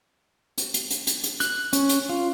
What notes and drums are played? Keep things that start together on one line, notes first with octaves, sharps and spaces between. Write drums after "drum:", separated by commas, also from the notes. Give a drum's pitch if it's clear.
drum: hi-hat
drum: hi-hat
drum: hi-hat
drum: hi-hat
drum: hi-hat
F#6, drum: hi-hat
C#4, drum: hi-hat
drum: hi-hat
F4